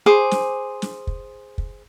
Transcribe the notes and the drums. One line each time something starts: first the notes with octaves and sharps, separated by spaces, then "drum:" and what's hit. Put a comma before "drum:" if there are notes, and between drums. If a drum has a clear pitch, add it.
G#4 C5 D6
drum: snare
drum: snare
drum: kick
drum: kick